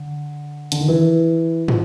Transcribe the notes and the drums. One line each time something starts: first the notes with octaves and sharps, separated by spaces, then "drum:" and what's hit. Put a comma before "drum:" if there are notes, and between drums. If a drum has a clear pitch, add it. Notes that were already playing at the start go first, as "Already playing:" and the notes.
Already playing: D3
D3, drum: hi-hat
D#3
E3
F3, drum: tom